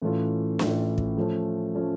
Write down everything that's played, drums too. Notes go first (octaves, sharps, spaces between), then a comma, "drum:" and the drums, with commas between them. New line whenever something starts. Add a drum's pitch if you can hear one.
A2 E3 A3 C#4 F4
A2 E3 A3 C#4 F4, drum: snare
drum: kick
F3 A3 C#4
F3 A3 C#4